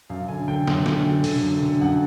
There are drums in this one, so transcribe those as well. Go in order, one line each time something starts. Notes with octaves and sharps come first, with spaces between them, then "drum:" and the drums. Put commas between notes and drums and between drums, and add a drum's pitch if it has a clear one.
F#2 F5
D3 G#5
D3 G5
F#2, drum: snare
D3, drum: snare
D3
D3, drum: open hi-hat
F#2
D3
F#2 F#5